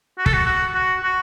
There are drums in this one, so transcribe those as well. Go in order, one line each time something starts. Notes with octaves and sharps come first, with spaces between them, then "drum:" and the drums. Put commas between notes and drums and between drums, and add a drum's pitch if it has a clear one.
F#4
A4, drum: kick
F#4
F#4
F#4
F#4